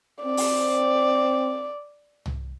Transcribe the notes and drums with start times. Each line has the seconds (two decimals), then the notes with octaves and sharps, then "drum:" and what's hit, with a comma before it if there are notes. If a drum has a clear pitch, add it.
0.23 C4 D5
0.37 drum: open hi-hat
2.26 drum: tom